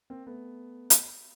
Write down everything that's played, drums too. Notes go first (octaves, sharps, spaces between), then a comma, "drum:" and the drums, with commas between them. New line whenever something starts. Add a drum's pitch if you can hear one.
A#3 C4
A3 B3
drum: hi-hat